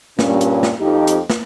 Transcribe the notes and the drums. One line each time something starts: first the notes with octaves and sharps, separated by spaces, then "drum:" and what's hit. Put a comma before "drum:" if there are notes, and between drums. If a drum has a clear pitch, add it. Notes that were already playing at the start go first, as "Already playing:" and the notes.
G2 A#2 C#4, drum: snare
drum: hi-hat
drum: snare
F2 D#4 G4
drum: hi-hat
drum: snare